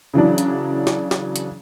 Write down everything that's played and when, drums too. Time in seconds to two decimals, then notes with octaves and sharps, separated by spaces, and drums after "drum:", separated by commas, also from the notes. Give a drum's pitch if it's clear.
0.14 C#3 E3 F#3 D4
0.38 drum: hi-hat
0.87 drum: snare
1.11 drum: snare
1.36 drum: hi-hat